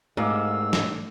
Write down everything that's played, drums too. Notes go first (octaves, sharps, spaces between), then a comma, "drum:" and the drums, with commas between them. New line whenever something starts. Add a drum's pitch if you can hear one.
C2 G#2 D#3 A3 F5 D6 E6
drum: snare